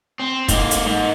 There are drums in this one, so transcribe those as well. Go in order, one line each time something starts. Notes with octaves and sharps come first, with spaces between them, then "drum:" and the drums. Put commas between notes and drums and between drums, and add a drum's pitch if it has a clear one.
C4
G#2 A#3, drum: kick F1, hi-hat
drum: hi-hat
G#2